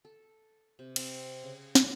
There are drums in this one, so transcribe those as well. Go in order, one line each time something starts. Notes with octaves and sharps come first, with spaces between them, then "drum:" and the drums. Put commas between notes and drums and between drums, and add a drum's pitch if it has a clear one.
A4
C3
C4, drum: cymbal
C#3
C#4, drum: snare